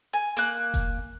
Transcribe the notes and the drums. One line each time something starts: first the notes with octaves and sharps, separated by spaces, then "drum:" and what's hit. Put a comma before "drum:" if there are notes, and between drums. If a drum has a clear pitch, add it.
G#5
A#3 F#6, drum: hi-hat
drum: kick F1, hi-hat